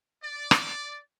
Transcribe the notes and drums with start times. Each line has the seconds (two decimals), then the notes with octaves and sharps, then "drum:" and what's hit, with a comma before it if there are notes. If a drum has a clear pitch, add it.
0.23 D5
0.51 drum: rim click